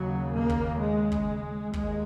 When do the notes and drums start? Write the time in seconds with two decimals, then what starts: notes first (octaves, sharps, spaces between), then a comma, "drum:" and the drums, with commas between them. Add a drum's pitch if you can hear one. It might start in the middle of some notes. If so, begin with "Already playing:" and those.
Already playing: D#2 C#3 F#3
0.34 A#3
0.49 drum: kick
0.81 G#3
1.12 drum: kick
1.73 D#2 G#3, drum: kick